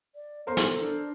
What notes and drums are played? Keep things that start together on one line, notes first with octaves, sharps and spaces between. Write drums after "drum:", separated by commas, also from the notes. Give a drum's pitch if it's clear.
D5
B3 A4 A#4 C5 C6
drum: snare
D4